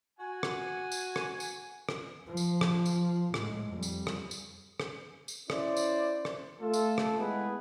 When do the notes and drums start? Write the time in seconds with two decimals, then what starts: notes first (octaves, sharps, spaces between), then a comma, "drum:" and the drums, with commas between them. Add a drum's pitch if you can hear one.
0.19 F#4 G#5
0.43 drum: rim click
0.92 drum: tambourine
1.16 drum: rim click
1.40 drum: tambourine
1.89 drum: rim click
2.27 F3
2.37 drum: tambourine
2.61 drum: rim click
2.86 drum: tambourine
3.34 A2 G#3, drum: rim click
3.71 F2 G3
3.83 drum: tambourine
4.07 drum: rim click
4.31 drum: tambourine
4.80 drum: rim click
5.28 drum: tambourine
5.50 C#4 E4 C5 D5, drum: rim click
5.77 drum: tambourine
6.25 drum: rim click
6.60 A3 F4 A4
6.74 drum: tambourine
6.98 drum: rim click
7.18 G#3 B3 E4 G#4 B4